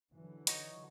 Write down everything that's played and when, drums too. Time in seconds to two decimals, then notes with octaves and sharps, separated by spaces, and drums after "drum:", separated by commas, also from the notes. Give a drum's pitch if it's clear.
0.13 D3 E3 F#3
0.47 D#4 F#4 C#5, drum: hi-hat